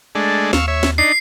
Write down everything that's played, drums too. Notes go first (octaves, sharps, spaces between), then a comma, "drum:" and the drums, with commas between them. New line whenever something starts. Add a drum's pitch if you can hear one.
G#3 A3 D4
D#2 F5 C#6 E6, drum: snare
C#5 E5
drum: snare
D4 D#4 C7